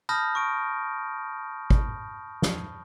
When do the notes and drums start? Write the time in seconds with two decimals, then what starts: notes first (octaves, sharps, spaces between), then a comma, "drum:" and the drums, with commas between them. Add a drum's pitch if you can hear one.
0.09 A5 B5 D#6 F6 G6 A#6
0.35 C#6 D7
1.70 drum: kick G#1
2.42 drum: snare